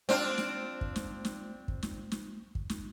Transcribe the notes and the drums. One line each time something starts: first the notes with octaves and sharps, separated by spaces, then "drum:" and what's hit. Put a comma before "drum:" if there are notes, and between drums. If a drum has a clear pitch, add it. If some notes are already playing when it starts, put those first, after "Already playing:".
C4 D4 F4, drum: snare
drum: snare
drum: kick
drum: snare
drum: snare
drum: kick
drum: snare
drum: snare
drum: kick
drum: snare